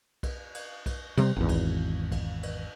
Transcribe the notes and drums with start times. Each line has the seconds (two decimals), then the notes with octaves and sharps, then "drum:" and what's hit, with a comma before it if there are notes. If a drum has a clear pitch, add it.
0.23 drum: kick B1, cymbal
0.55 drum: cymbal
0.86 drum: kick B1, cymbal
1.17 C3 G3 G#3 C4, drum: cymbal
1.36 G#1 E2
1.49 drum: kick B1, cymbal
2.12 drum: kick B1, cymbal
2.43 drum: cymbal